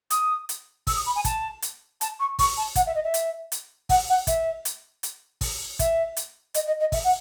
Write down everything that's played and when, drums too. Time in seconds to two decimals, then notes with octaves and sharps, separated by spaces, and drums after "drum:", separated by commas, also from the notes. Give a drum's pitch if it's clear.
0.10 D#6, drum: hi-hat
0.49 drum: hi-hat
0.87 E6, drum: kick, open hi-hat
0.96 D#6
1.06 B5
1.15 G#5
1.25 A5, drum: kick, hi-hat
1.62 drum: hi-hat
2.01 A5, drum: hi-hat
2.19 C#6
2.39 C#6, drum: kick, open hi-hat
2.57 A5
2.75 F#5, drum: kick, hi-hat
2.86 E5
2.95 D#5
3.04 E5
3.14 drum: hi-hat
3.52 drum: hi-hat
3.89 F#5, drum: kick, open hi-hat
4.09 F#5
4.27 E5, drum: kick, hi-hat
4.65 drum: hi-hat
5.03 drum: hi-hat
5.41 drum: kick, open hi-hat
5.79 E5, drum: kick, hi-hat
6.17 drum: hi-hat
6.54 D#5, drum: hi-hat
6.66 D#5
6.80 D#5
6.92 E5, drum: kick, open hi-hat
7.04 F#5